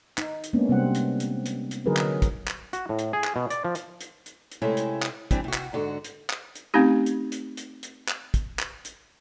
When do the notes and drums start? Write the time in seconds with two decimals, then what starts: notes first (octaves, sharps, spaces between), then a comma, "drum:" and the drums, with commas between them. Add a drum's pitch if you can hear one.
0.18 D#4, drum: clap
0.44 drum: hi-hat
0.53 G#3 A#3 B3 C#4 D4
0.69 C3 G3 C4 D4 F#5
0.95 drum: hi-hat
1.20 drum: hi-hat
1.46 drum: hi-hat
1.71 drum: hi-hat
1.86 D3 F#3 D#4 G#4 A#4 B4
1.97 drum: clap
2.22 drum: kick, hi-hat
2.48 drum: clap
2.73 F#4, drum: hi-hat
2.89 A2
2.99 drum: hi-hat
3.13 G#4
3.24 drum: clap
3.36 B2
3.50 D5, drum: hi-hat
3.64 F3
3.75 drum: hi-hat
4.01 drum: hi-hat
4.26 drum: hi-hat
4.52 drum: hi-hat
4.62 C3 G#3 A3 C#4 E4
4.77 drum: hi-hat
5.03 drum: clap
5.31 E3 G3 C4 D4, drum: kick, hi-hat
5.44 C3 F#4
5.54 drum: clap
5.73 G#2 D3 F#4
6.04 drum: hi-hat
6.30 drum: clap
6.55 drum: hi-hat
6.74 A3 C4 C#4 D#4 G4
7.06 drum: hi-hat
7.32 drum: hi-hat
7.57 drum: hi-hat
7.83 drum: hi-hat
8.08 drum: clap
8.34 drum: kick, hi-hat
8.59 drum: clap
8.85 drum: hi-hat